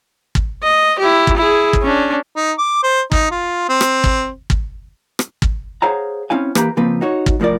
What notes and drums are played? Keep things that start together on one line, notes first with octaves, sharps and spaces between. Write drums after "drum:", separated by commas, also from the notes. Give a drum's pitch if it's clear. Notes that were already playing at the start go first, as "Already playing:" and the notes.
drum: kick
D#5
E4 G4
drum: kick
E4 G#4
drum: kick
C#4 D4
D#4
D6
C5
D#4, drum: kick
F4
C4
drum: rim click
drum: kick
drum: kick
drum: rim click
drum: kick
G#4 C5 C#5 F5 F#5 A#5
C4 C#4 E4 F5 G#5
E3 A#3 G4 B4 A#5, drum: rim click
C#3 F3 A#3 C4 B4
D#4 F#4 C#5
drum: kick
C2 A2 F3 A#4 D5